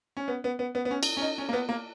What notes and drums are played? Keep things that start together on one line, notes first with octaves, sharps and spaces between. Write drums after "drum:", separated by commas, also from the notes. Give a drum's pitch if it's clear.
C#4
B3
B3
B3
B3
B3
C#4
drum: cymbal
C#4
D#4
C#4
A#3
B3
A#3